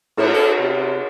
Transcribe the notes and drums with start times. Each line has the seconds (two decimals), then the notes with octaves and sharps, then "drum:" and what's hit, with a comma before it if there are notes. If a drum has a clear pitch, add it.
0.17 A2, drum: cymbal
0.34 A4
0.60 C3